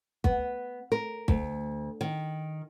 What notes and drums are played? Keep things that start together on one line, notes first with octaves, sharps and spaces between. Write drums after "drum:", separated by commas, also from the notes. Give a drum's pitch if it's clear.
B3, drum: kick
A#4
D2, drum: kick
D#3